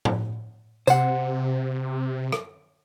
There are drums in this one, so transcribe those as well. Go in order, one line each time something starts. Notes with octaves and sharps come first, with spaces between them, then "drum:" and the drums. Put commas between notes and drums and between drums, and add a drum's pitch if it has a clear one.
drum: tom
C3 C5 F#5, drum: tambourine
drum: rim click